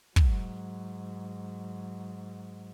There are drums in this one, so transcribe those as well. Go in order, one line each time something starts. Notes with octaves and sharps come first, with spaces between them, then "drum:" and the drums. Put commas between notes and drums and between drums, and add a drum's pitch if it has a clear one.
G#2 F#3, drum: kick